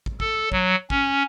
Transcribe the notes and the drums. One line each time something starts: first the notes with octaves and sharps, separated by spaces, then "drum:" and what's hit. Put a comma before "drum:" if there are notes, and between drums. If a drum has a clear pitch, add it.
drum: kick
A4, drum: kick
F#3, drum: kick
C#4, drum: kick